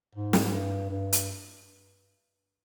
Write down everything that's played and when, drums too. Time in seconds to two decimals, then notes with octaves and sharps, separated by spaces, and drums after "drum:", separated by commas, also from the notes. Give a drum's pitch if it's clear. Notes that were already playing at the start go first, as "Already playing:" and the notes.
0.15 G#2
0.33 drum: snare
0.52 G2
0.90 G2
1.13 drum: hi-hat